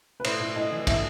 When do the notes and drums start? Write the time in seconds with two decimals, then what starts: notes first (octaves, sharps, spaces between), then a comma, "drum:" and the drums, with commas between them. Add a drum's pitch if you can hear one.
0.20 B4
0.24 A2 C5, drum: cymbal
0.40 A2
0.56 A2 D#5
0.72 E3
0.87 A2 E5, drum: kick, cymbal